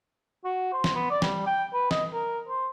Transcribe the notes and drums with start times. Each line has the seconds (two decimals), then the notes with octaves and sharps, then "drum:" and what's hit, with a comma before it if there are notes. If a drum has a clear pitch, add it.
0.44 F#4
0.73 C5
0.84 drum: snare
0.95 B3
1.10 D5
1.22 G3, drum: snare
1.47 G5
1.74 B4
1.91 D#5, drum: snare
2.13 A#4
2.48 C5